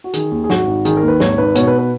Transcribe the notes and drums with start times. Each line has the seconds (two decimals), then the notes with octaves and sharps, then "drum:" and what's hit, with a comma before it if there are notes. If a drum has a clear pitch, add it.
0.04 F#4
0.13 D#3 G#4, drum: hi-hat
0.31 D#2
0.44 G#4
0.50 G#1 F#4, drum: snare
0.67 G#1
0.85 D#3 G#4, drum: hi-hat
0.97 A#4
1.02 D#2
1.08 B4
1.20 G#1 C#5, drum: snare
1.38 G#1 B4
1.55 B2 C#5, drum: hi-hat
1.67 B4
1.79 B4